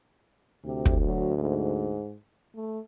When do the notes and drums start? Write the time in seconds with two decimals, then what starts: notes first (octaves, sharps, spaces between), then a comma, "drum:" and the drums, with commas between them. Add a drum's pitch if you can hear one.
0.65 D2 C3
0.85 drum: kick
1.05 F#3
1.40 G#2
2.56 A3